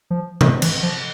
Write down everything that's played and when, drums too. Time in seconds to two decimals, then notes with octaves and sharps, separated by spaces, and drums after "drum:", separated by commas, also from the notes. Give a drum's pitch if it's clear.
0.10 F3
0.41 E3, drum: tom C3
0.62 E3, drum: cymbal
0.83 F3